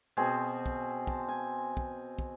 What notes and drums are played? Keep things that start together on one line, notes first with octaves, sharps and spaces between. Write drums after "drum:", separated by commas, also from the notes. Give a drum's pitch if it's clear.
B2 B3 C4 G#4
drum: kick
A5, drum: kick
G#5
drum: kick
drum: kick